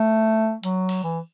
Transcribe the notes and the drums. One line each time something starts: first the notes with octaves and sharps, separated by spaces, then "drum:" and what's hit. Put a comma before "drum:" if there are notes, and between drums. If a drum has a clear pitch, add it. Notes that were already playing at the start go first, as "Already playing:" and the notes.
Already playing: A3
F#3, drum: hi-hat
drum: open hi-hat
E3